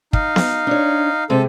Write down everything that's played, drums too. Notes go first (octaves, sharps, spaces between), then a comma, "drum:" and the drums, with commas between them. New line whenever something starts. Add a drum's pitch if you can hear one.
D#4 F5, drum: kick
drum: snare B3
D4 C#5
C3 G#3 C4 A4